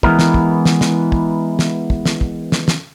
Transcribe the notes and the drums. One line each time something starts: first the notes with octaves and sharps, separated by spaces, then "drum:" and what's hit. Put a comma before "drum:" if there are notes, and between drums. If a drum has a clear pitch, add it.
E3 G#3 B3 E4 A#4, drum: kick
drum: snare
drum: kick
drum: snare
drum: snare
drum: kick
drum: snare
drum: kick
drum: snare
drum: kick
drum: snare
drum: snare